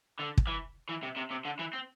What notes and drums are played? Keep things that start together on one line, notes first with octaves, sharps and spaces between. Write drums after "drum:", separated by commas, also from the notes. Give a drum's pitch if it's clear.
D3
drum: kick
E3
E3
C3
C3
C3
D3
E3
C4